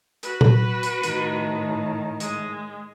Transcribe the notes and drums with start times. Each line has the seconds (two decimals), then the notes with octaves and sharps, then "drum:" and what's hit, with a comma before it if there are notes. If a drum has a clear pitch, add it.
0.23 F#4 B4, drum: hi-hat
0.41 drum: tom A#2
0.83 drum: hi-hat
1.03 A2 D#3, drum: hi-hat
2.20 G#3, drum: hi-hat